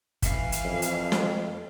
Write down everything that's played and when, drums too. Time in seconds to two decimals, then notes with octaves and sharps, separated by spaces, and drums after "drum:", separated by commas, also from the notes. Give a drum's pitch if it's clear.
0.22 E3 F5, drum: kick G1, hi-hat
0.52 drum: hi-hat
0.65 F2
0.82 drum: hi-hat
1.12 drum: snare